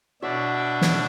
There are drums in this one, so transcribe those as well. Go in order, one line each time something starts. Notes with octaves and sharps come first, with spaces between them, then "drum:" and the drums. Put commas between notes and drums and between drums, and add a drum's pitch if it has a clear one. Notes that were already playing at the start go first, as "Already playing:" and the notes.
B2 D4 F#4 C#5 E5 C#6
drum: snare